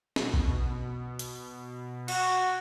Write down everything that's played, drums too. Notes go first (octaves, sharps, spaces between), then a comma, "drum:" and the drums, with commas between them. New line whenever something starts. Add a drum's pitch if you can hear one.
B2, drum: snare
drum: kick A#1
drum: hi-hat
F#4, drum: cymbal